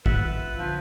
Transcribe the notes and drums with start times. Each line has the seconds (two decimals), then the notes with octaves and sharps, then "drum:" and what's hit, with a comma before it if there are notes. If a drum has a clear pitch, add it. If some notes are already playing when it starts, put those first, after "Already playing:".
0.06 D#3 C#4 F4 B4 E5 F#5, drum: kick
0.58 B1 D3 F3